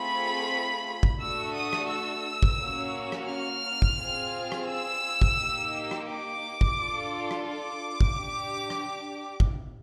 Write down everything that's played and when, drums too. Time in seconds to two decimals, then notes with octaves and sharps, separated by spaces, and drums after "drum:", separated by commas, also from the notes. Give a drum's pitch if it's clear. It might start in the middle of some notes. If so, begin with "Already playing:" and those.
Already playing: A3 C4 F4 G#4 B5
1.03 drum: kick
1.20 A3 D4 F#4 A4 E6
1.56 D#6
1.73 drum: rim click
1.90 E6
2.43 drum: kick
2.60 A#3 C#4 F#4
3.12 drum: rim click
3.30 F6
3.82 drum: kick
3.99 C4 F4 G#4
4.52 drum: rim click
4.69 E6
5.22 drum: kick
5.39 A#3 D#4 G4
5.91 drum: rim click
6.09 D6
6.61 drum: kick
6.79 D4 F4 A4
7.31 drum: rim click
7.48 D6
8.01 drum: kick
8.17 D4 G4
8.70 drum: rim click
9.40 drum: kick